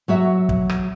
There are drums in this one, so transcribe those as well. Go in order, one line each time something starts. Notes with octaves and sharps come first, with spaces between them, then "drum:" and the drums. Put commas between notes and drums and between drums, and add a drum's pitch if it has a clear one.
F#3 F#4 E5
drum: kick
drum: rim click